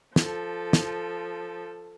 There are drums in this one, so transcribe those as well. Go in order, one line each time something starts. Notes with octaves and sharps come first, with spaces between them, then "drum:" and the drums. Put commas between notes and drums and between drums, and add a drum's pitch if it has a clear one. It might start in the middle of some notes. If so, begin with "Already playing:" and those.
F3 A4, drum: snare
drum: snare